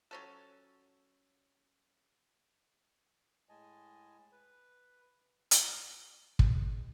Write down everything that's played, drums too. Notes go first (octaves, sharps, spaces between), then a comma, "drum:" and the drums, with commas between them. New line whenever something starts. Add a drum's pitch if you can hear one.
F#3 C#4 A4
A2 G#3 D#5 G#5 A5
B4
drum: hi-hat
G#2, drum: kick